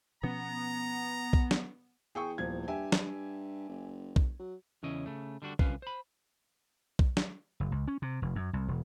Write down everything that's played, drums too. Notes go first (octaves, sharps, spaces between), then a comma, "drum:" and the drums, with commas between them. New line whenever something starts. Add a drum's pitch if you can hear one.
B2 F3 B3 C#4 A#5
drum: kick B1
drum: snare
E2 G#4 G5 C#6
D#1 F3 G#6
G2 G4 E5 G#5
drum: snare
F#1
drum: kick B1
F#3
E2 C#3 C#4 E4 D#5
C#3 A3
D3 G3 D4 F#4
C2 D3 C#4 F4 B4 F5, drum: kick B1
C5 B5
drum: kick B1
drum: snare
F#1
C#2
C#4
C3
F1
F#2
C2
E1